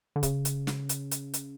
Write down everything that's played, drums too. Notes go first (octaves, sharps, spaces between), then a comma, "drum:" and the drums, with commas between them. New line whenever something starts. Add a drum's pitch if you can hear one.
D3
C#3, drum: kick C#1, hi-hat
drum: hi-hat
drum: snare
drum: hi-hat
drum: hi-hat
drum: hi-hat